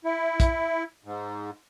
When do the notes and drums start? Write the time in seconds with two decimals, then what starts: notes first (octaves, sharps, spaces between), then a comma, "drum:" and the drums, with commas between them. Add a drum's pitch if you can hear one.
0.05 E4
0.40 drum: kick, hi-hat
1.05 G#2